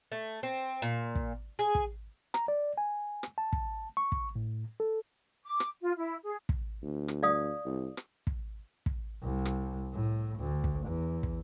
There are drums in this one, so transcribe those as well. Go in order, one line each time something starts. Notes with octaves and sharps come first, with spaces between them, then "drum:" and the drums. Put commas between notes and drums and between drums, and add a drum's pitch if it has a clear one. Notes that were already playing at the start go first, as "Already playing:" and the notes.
A3
C4
A#2
drum: kick
G#4
drum: kick
A#5, drum: rim click
D5
G#5
drum: rim click
A5
drum: kick
C#6
drum: kick
A2
A4
D6
drum: rim click
F4
E4
G#4
drum: kick
D2
drum: rim click
D5 F5 D#6
C2
drum: rim click
drum: kick
drum: kick
C2
drum: rim click
A2
D2
drum: kick
E2
drum: kick